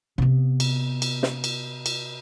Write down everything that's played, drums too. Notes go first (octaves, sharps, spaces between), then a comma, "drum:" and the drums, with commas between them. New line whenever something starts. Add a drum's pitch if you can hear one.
C3 B3
drum: cymbal
drum: cymbal
drum: snare
drum: cymbal
drum: cymbal